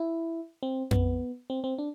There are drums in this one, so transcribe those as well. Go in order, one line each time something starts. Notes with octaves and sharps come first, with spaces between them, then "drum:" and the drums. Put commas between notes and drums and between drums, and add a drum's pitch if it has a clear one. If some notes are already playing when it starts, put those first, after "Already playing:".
Already playing: E4
C4
B3, drum: tom F2
C4
C4
D4